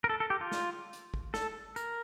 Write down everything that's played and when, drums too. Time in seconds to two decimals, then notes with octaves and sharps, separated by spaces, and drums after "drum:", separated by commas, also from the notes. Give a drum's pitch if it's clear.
0.04 A#4
0.09 A4
0.20 A4
0.30 G4
0.41 F4
0.52 drum: snare
0.93 drum: hi-hat
1.14 drum: kick
1.34 A4, drum: snare
1.76 A#4, drum: hi-hat